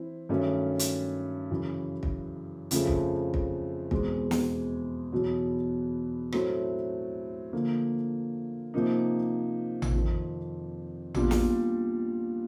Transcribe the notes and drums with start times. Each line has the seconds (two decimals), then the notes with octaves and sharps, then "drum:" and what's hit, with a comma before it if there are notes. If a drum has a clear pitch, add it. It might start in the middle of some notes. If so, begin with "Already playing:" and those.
Already playing: E3 C4 E4
0.29 G2 D#3 F#3 A3 C#4
0.79 drum: hi-hat
1.51 F#2 C#3 E3
2.03 drum: kick
2.71 F2 C#3 F3 A3, drum: hi-hat
2.87 drum: kick
3.34 drum: kick
3.91 E2 B2 G#3 C4, drum: kick
4.31 drum: snare
5.12 E2 B2 F#3
6.32 A2 F#3 A3 C4, drum: rim click
7.53 D3 F3 A#3
8.74 C3 F3 A#3 D#4
9.82 drum: tom A1
9.95 F2 C3 D#3
11.14 A#2 G3 B3 D4 F4, drum: tom A1
11.31 drum: snare